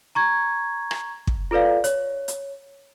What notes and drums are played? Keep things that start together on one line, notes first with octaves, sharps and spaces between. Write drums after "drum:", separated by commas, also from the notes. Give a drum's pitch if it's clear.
A#5 C#6 G#6
drum: rim click
drum: kick
F4 A4 B4 D5 F5
C#5, drum: hi-hat
drum: hi-hat